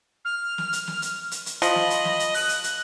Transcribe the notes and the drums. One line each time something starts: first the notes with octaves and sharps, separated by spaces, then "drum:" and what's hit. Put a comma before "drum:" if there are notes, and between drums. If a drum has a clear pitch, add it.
F6
drum: snare
drum: hi-hat
drum: snare
drum: hi-hat
drum: hi-hat
drum: hi-hat
F3 D#5 B5, drum: hi-hat
drum: snare
drum: hi-hat
drum: snare
drum: hi-hat
F#6, drum: open hi-hat
drum: hi-hat
drum: hi-hat